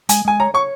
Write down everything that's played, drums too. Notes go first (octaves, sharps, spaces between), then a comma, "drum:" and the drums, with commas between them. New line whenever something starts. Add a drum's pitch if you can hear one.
G#3 G#5, drum: hi-hat
G#3 G#5
C#5 A#5
C#5 C#6